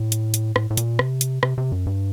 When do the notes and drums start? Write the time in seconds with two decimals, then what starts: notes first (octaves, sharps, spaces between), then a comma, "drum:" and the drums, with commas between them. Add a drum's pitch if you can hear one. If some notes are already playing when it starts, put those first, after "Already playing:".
Already playing: A2
0.12 drum: hi-hat
0.34 drum: hi-hat
0.56 A2, drum: rim click
0.70 A2
0.77 A#2, drum: hi-hat
0.99 C3, drum: rim click
1.21 drum: hi-hat
1.43 C3, drum: rim click
1.58 C3
1.72 F#2
1.86 G2